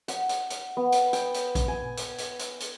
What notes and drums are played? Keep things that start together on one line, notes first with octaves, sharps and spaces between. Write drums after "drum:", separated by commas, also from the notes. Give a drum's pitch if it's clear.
F#5, drum: hi-hat
drum: hi-hat
drum: hi-hat
B3
drum: hi-hat
G5, drum: hi-hat
drum: hi-hat
drum: kick A#1, hi-hat
G#5
drum: hi-hat
drum: hi-hat
drum: hi-hat
drum: hi-hat